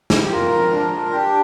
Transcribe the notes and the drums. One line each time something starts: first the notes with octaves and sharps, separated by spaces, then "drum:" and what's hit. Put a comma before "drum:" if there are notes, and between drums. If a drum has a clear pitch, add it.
drum: snare
G4
F2 F4 A#4
F2
D4
D4
D4 G4